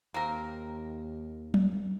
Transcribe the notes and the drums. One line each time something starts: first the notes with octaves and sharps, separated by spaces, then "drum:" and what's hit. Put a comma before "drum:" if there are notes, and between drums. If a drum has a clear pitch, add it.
D#2 A#3 C4 A#4
drum: tom F#3